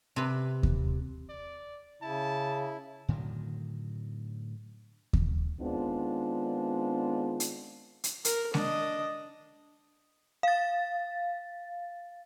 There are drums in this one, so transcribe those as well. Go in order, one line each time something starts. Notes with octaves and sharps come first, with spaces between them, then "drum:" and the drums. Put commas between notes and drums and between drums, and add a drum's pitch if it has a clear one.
C3 B4
drum: kick D#2
D5
C#3 E4 A5
A2 D3 D#3 F#3
drum: kick D#2
D#3 G#3 B3 C4 D4 F4
drum: hi-hat
drum: hi-hat
A#4, drum: hi-hat
D4 D#5, drum: snare G#3
F5 A6